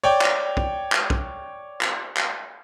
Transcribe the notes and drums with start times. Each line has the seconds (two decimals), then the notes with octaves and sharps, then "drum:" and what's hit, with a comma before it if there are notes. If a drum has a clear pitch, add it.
0.04 C#5 D5 G5
0.21 drum: clap
0.57 drum: kick B1
0.92 drum: clap
1.10 drum: kick B1
1.81 drum: clap
2.17 drum: clap